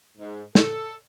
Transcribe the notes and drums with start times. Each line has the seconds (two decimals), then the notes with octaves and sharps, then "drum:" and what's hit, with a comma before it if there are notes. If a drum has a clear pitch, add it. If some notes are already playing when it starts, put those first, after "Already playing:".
0.18 G#2
0.55 A4, drum: snare